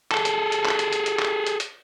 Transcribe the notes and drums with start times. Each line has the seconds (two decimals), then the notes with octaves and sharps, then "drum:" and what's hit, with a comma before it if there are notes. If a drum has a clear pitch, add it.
0.12 G#4 A4, drum: clap
0.25 drum: hi-hat
0.52 drum: hi-hat
0.66 drum: clap
0.79 drum: hi-hat
0.93 drum: hi-hat
1.06 drum: hi-hat
1.20 drum: clap
1.46 drum: hi-hat
1.60 drum: hi-hat